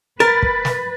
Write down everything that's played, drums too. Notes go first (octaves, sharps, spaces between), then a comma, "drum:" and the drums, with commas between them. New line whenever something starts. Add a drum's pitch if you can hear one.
A#4 B4 A6
drum: kick
drum: snare